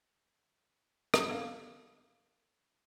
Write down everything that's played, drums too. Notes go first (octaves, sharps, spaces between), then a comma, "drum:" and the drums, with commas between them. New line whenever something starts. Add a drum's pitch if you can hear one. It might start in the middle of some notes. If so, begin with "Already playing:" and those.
drum: rim click
B3 D4 A4 F5